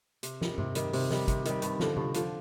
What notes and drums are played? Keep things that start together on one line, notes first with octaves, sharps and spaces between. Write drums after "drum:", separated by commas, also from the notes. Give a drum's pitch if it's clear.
C3, drum: hi-hat
D#3 G3, drum: snare
C3, drum: tom G2
D#3 G3, drum: hi-hat
C3, drum: open hi-hat
D#3 G3, drum: snare
C3, drum: kick, hi-hat
D#3 G3, drum: hi-hat
G2, drum: hi-hat
D3 F3, drum: snare
G2, drum: tom C3
D3 F3, drum: hi-hat